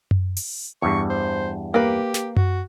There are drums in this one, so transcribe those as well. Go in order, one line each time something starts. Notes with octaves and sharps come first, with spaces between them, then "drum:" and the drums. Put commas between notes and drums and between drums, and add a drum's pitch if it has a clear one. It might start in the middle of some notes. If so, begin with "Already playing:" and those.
drum: tom F#2
drum: open hi-hat
E2 G2 C#6
C5
A#3 G4 B4
drum: snare
F#4, drum: tom F#2